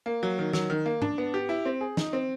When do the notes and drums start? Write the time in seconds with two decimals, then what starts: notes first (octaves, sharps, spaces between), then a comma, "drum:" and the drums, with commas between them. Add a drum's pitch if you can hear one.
0.06 A#3
0.23 F#3
0.39 D#3
0.53 F#3, drum: snare
0.70 D#3
0.86 A#3
1.02 D4, drum: tom G#2
1.18 B3
1.34 G4
1.49 E4
1.65 C4
1.81 G#4
1.97 D#4, drum: snare
2.13 C4